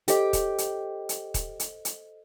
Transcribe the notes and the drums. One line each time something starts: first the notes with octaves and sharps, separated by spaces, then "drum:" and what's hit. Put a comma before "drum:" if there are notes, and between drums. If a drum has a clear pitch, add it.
G4 A4 C5 D#5, drum: hi-hat
drum: kick D#1, hi-hat
drum: hi-hat
drum: hi-hat
drum: kick D#1, hi-hat
drum: hi-hat
drum: hi-hat